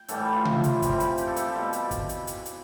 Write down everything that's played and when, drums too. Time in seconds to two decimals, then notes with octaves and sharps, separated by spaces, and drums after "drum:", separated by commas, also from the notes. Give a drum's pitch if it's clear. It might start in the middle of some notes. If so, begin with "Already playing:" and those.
Already playing: G5
0.08 A2 E3 G3 A4, drum: hi-hat
0.21 A4
0.33 F4
0.45 drum: tom C3
0.64 drum: hi-hat
0.82 C3 G3, drum: kick, hi-hat
1.00 drum: hi-hat
1.18 G4, drum: hi-hat
1.27 A4
1.36 G4, drum: hi-hat
1.45 A4
1.54 B2 G3
1.73 drum: hi-hat
1.91 drum: kick, hi-hat
2.09 drum: hi-hat
2.27 drum: hi-hat
2.45 drum: hi-hat